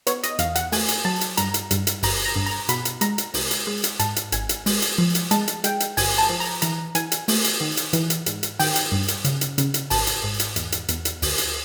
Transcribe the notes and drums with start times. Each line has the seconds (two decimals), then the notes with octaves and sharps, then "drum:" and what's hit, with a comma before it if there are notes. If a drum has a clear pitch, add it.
0.07 B3 C#5, drum: hi-hat
0.23 D#5, drum: hi-hat
0.39 E2 F5, drum: hi-hat
0.55 F#5, drum: hi-hat
0.72 A3 G#5, drum: open hi-hat
0.88 drum: hi-hat
1.05 F#3 A5
1.21 drum: hi-hat
1.37 G2 A#5, drum: hi-hat
1.54 drum: hi-hat
1.71 G2, drum: hi-hat
1.87 drum: hi-hat
2.03 G1 A#5, drum: open hi-hat
2.25 A#5
2.36 G2
2.46 A#5
2.69 B2 B5, drum: hi-hat
2.85 drum: hi-hat
3.01 G#3 A#5, drum: hi-hat
3.18 drum: hi-hat
3.34 C2, drum: open hi-hat
3.51 drum: hi-hat
3.67 G#3
3.84 drum: hi-hat
3.99 G#2 A5, drum: hi-hat
4.16 drum: hi-hat
4.32 G#1 G#5, drum: hi-hat
4.49 drum: hi-hat
4.66 G#3, drum: open hi-hat
4.82 drum: hi-hat
4.98 F3
5.15 drum: hi-hat
5.31 G#3 A5, drum: hi-hat
5.48 drum: hi-hat
5.64 G#3 G5, drum: hi-hat
5.80 drum: hi-hat
5.97 G1 G#5, drum: open hi-hat
6.18 A5
6.30 F3
6.40 A#5
6.62 E3 A#5, drum: hi-hat
6.95 E3 G#5, drum: hi-hat
7.12 drum: hi-hat
7.28 A3, drum: open hi-hat
7.44 drum: hi-hat
7.61 D#3
7.77 drum: hi-hat
7.93 E3, drum: hi-hat
8.10 drum: hi-hat
8.26 G#2, drum: hi-hat
8.43 drum: hi-hat
8.59 D#3 G5, drum: open hi-hat
8.76 drum: hi-hat
8.92 G2
9.08 drum: hi-hat
9.24 C#3, drum: hi-hat
9.41 drum: hi-hat
9.58 C#3, drum: hi-hat
9.74 drum: hi-hat
9.90 G#1 A5, drum: open hi-hat
10.07 drum: hi-hat
10.24 G#2
10.40 drum: hi-hat
10.56 E2, drum: hi-hat
10.72 drum: hi-hat
10.88 E2, drum: hi-hat
11.05 drum: hi-hat
11.22 D2, drum: open hi-hat
11.38 drum: hi-hat